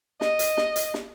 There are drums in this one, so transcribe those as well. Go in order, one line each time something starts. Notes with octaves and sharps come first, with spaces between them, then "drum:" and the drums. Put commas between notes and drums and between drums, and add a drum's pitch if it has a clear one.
D#5, drum: snare
drum: hi-hat
drum: snare
drum: hi-hat
drum: snare